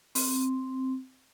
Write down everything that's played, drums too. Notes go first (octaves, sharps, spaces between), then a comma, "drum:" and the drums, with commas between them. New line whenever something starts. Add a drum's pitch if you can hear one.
C4, drum: open hi-hat